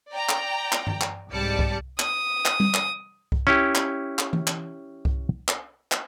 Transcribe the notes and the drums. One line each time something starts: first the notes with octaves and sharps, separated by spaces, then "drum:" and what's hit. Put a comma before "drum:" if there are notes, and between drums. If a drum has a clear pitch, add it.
D5 G5 A#5
drum: clap
drum: clap
drum: tom G2
drum: clap
C2 G#2 G3 D5 A5 C#7
drum: kick C2
D#6, drum: clap
drum: clap
drum: tom G3
drum: clap
drum: kick C2
C#4 E4 G4
drum: clap
drum: clap
drum: tom E3
drum: clap
drum: kick C2
drum: clap
drum: clap